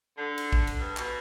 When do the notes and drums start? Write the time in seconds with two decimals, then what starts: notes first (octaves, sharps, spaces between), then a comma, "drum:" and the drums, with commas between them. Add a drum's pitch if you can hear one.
0.17 D3
0.38 drum: cymbal
0.53 drum: kick
0.67 drum: cymbal
0.79 G2
0.97 B2, drum: clap